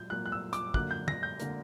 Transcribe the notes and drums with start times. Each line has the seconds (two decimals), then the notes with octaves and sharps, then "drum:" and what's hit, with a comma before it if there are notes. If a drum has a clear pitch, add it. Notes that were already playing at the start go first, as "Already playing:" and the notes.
Already playing: A#2 F#3 G6
0.10 A#2 F#3 A#3 F#6
0.26 F#6
0.32 E6
0.53 D6, drum: hi-hat
0.74 F#2 D3 A#3 F#6, drum: kick
0.91 G6
1.08 A#6, drum: tom
1.23 G6
1.40 D3 A#3, drum: hi-hat